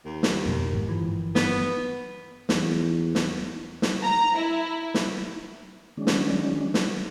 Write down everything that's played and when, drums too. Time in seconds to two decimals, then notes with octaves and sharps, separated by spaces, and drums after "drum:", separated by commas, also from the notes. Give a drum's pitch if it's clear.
0.05 D#2
0.23 drum: snare
0.46 F2 B2 D#3
0.72 G#1 G#2
0.87 G1 E3 F3
1.35 B3, drum: snare
2.49 E2, drum: snare
3.15 drum: snare
3.82 drum: snare
4.03 A#5
4.36 E4
4.94 drum: snare
5.97 D#3 F#3 G#3 C#4 D4
6.07 drum: snare
6.74 drum: snare